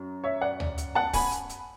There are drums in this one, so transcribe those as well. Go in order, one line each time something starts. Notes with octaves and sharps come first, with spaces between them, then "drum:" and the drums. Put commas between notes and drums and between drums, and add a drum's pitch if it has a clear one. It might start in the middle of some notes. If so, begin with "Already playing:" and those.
Already playing: F#2
C#5 E5
D5 F#5
drum: tom D2
drum: hi-hat
F#5 A5
G#5 B5, drum: kick C#1, open hi-hat
drum: hi-hat
drum: hi-hat